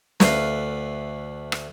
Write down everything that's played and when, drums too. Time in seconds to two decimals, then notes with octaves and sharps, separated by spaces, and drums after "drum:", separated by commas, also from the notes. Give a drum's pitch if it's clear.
0.20 D2 A3 B4 F5, drum: snare
1.52 drum: rim click